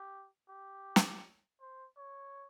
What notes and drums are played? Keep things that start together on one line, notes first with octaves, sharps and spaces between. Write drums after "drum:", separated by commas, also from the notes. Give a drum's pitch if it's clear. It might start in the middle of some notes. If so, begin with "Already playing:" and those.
Already playing: G4
G4
drum: snare
C5
C#5